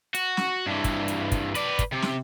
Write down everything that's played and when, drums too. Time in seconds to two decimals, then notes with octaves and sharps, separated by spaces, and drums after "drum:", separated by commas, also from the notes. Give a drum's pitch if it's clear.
0.15 F#4, drum: hi-hat
0.37 drum: snare
0.67 G2 E3
0.84 drum: kick, hi-hat
1.08 drum: hi-hat
1.32 drum: kick, hi-hat
1.55 B4 D5, drum: hi-hat
1.79 drum: kick, hi-hat
1.92 C3
2.02 drum: snare